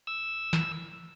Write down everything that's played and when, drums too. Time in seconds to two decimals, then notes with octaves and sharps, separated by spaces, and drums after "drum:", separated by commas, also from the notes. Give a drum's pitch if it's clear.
0.07 E6
0.53 drum: snare